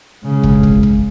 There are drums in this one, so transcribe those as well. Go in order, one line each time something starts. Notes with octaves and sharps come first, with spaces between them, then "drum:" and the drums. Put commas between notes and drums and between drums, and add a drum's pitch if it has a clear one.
C#3 G#3
drum: kick
drum: kick
drum: kick